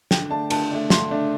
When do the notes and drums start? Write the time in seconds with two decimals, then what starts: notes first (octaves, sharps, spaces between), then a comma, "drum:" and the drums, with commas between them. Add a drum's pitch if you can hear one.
0.11 D3 G5, drum: snare
0.30 A3 D4 A5
0.50 D3 A5, drum: cymbal
0.71 A3 D4
0.90 D3 C6, drum: snare
1.11 A3 D4